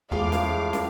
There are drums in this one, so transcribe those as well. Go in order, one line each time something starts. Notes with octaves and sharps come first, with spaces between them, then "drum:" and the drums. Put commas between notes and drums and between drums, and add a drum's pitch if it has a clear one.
E2 A2 G#3 F4 G#4 F5 D6
drum: snare
drum: snare